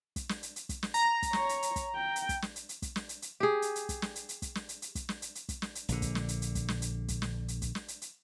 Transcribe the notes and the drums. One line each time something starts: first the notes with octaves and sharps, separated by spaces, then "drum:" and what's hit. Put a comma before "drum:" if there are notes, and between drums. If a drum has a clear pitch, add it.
drum: kick, hi-hat
drum: snare
drum: hi-hat
drum: hi-hat
drum: kick, hi-hat
drum: snare
A#5, drum: hi-hat
drum: kick, hi-hat
C#5, drum: snare
drum: hi-hat
drum: hi-hat
drum: kick, hi-hat
G5
drum: hi-hat
drum: kick, hi-hat
drum: snare
drum: hi-hat
drum: hi-hat
drum: kick, hi-hat
drum: snare
drum: hi-hat
drum: hi-hat
G4 G#4
drum: hi-hat
drum: hi-hat
drum: kick, hi-hat
drum: snare
drum: hi-hat
drum: hi-hat
drum: kick, hi-hat
drum: snare
drum: hi-hat
drum: hi-hat
drum: kick, hi-hat
drum: snare
drum: hi-hat
drum: hi-hat
drum: kick, hi-hat
drum: snare
drum: hi-hat
A#1 D3, drum: hi-hat
drum: kick, hi-hat
drum: snare
drum: hi-hat
drum: hi-hat
drum: kick, hi-hat
drum: snare
drum: hi-hat
drum: kick, hi-hat
drum: snare
drum: hi-hat
drum: kick, hi-hat
drum: snare
drum: hi-hat
drum: hi-hat